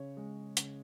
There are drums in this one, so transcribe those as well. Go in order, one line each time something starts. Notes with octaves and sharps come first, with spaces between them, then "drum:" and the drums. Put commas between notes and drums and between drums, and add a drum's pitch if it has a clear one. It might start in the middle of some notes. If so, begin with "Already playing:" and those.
Already playing: C#3 C#5
G#3
C#3, drum: hi-hat